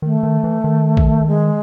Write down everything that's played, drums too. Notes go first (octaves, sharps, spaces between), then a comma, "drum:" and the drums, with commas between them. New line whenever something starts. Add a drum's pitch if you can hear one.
D#3 A3
D#3
E3
D#3
drum: kick
G#3